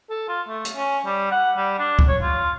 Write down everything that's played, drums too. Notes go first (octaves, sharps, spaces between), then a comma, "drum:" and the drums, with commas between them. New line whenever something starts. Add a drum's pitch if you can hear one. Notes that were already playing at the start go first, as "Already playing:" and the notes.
A4
F4
A3
drum: hi-hat
C#4
G3
F#5
G3
D4
drum: kick
C#5
F4